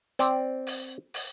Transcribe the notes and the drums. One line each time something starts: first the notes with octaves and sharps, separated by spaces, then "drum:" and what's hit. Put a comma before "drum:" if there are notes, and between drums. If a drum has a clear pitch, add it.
C4 D5, drum: hi-hat
drum: open hi-hat
drum: open hi-hat